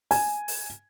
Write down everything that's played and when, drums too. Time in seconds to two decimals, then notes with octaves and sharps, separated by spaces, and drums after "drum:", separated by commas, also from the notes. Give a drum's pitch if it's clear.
0.11 G#5, drum: open hi-hat
0.48 drum: open hi-hat